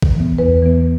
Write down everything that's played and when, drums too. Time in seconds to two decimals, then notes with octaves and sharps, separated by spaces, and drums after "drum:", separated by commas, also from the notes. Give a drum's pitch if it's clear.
0.02 drum: kick A#1
0.15 E3 B3
0.38 E2 B4
0.62 E3 B3